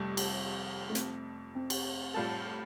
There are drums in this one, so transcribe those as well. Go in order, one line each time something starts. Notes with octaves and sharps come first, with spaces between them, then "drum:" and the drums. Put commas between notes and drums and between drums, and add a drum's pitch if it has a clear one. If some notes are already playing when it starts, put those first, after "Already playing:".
Already playing: F1 F2 C3 G3 A3
drum: cymbal
A3
C4, drum: hi-hat
C4
drum: cymbal
A2 G3 F4 A4